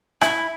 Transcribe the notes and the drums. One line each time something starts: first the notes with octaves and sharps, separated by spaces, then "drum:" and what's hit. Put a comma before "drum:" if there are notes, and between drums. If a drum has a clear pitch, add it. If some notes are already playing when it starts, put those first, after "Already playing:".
E4, drum: rim click